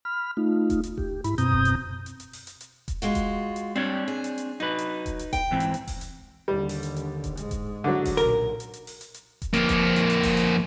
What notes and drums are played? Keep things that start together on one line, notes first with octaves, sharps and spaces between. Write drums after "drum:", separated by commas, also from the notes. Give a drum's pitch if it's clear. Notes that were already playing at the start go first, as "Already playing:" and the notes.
B5 F6
A3 D#4 F4
drum: kick E1, hi-hat
drum: hi-hat
G4, drum: kick E1
G#2 E4 B5, drum: hi-hat
F#2 B2 C4 A#5 D#6 G6, drum: hi-hat
drum: kick E1
drum: hi-hat
drum: hi-hat
drum: hi-hat
drum: open hi-hat
drum: hi-hat
drum: hi-hat
drum: kick E1, hi-hat
G#3 F4 F#4, drum: hi-hat
drum: kick E1, hi-hat
drum: hi-hat
G3 C4 D4 C#5
G#4
drum: hi-hat
drum: hi-hat
F#3 D#4 B4
drum: hi-hat
drum: kick E1, hi-hat
drum: hi-hat
G5, drum: kick E1, hi-hat
G#2 E3 C4
drum: hi-hat
drum: hi-hat
drum: kick E1, open hi-hat
drum: hi-hat
D#2 D3 G3
drum: open hi-hat
drum: hi-hat
drum: hi-hat
drum: kick E1, hi-hat
G#2 G#3, drum: hi-hat
drum: kick E1, hi-hat
D3 F#3
drum: kick E1, open hi-hat
B1 A#2 A#4, drum: hi-hat
drum: hi-hat
drum: hi-hat
drum: open hi-hat
drum: hi-hat
drum: hi-hat
drum: kick E1, hi-hat
F2 A#3, drum: hi-hat
drum: kick E1, hi-hat
drum: hi-hat
drum: hi-hat
drum: kick E1, open hi-hat
drum: hi-hat